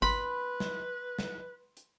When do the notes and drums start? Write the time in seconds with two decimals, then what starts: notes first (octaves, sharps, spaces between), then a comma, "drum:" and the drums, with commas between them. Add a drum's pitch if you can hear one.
0.02 B4 B5 C6, drum: kick G#1, hi-hat
0.60 drum: snare
1.19 drum: snare
1.77 drum: hi-hat